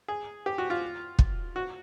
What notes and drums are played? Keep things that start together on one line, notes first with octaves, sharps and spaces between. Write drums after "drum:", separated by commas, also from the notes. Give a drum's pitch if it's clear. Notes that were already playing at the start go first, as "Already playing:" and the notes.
G#4
G4
F#4
F4
drum: kick
F#4